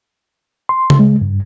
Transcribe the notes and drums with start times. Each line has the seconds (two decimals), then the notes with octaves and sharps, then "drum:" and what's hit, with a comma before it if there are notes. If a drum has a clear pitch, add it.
0.69 C6
0.90 drum: tom C#3
0.99 G#3
1.21 G2